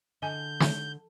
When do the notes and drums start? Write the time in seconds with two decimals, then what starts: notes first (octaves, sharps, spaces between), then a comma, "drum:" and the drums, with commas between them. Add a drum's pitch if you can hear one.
0.22 D3 D#5 G#5 G6
0.60 drum: snare